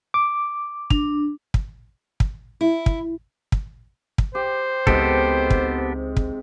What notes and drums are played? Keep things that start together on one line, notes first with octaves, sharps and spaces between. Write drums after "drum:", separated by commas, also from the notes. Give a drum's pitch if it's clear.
D6
D4, drum: kick
drum: kick
drum: kick
E4
drum: kick
drum: kick
drum: kick
G4 C5
C#2 G#2 C3 B3 G4 A4, drum: kick
drum: kick
drum: kick